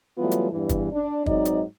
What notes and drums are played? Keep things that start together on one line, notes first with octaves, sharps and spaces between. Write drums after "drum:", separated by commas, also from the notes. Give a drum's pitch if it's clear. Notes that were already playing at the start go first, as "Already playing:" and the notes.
E3 F#3 G3 A3 B3 F4
drum: hi-hat
E2 G2 E3
drum: kick, hi-hat
D4
G#2 F#3 C4 D#4 D5 D#5, drum: kick
drum: hi-hat